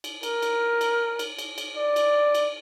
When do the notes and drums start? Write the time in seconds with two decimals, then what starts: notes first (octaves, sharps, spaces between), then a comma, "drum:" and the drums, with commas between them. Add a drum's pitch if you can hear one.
0.04 drum: cymbal
0.23 A#4, drum: cymbal
0.42 drum: cymbal
0.81 drum: cymbal
1.19 drum: cymbal
1.39 drum: cymbal
1.58 drum: cymbal
1.77 D5
1.96 drum: cymbal
2.35 drum: cymbal